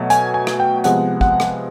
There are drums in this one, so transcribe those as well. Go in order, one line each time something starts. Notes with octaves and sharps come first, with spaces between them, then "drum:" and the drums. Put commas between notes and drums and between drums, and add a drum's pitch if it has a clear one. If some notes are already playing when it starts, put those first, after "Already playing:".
Already playing: B2 F#3 A3
G#5, drum: hi-hat
G#5
drum: rim click
G5
C3 F3 G#3 B3 F#5, drum: hi-hat
F#5, drum: kick
drum: rim click